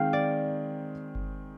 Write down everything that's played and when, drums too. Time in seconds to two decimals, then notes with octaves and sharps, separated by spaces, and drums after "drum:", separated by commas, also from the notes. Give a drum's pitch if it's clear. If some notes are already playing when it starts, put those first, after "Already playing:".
Already playing: D#3 G#3 C4 F5 G5
0.13 D5
1.15 drum: kick G1